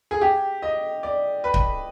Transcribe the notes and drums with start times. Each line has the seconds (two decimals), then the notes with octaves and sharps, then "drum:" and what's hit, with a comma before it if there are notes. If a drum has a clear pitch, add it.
0.11 G#4
0.21 G4
0.62 D#5
1.03 D5
1.44 B4
1.54 drum: kick C#1